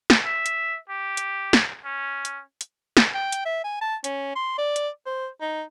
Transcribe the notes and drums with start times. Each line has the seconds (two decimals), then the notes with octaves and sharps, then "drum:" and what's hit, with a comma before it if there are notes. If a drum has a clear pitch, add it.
0.10 drum: snare
0.26 E5
0.46 drum: hi-hat
0.89 G4
1.17 drum: hi-hat
1.53 drum: snare
1.85 C#4
2.25 drum: hi-hat
2.61 drum: hi-hat
2.97 drum: snare
3.14 G5
3.32 drum: hi-hat
3.46 E5
3.64 G#5
3.81 A5
4.04 C#4, drum: hi-hat
4.35 C6
4.58 D5
4.76 drum: hi-hat
5.06 C5
5.41 D#4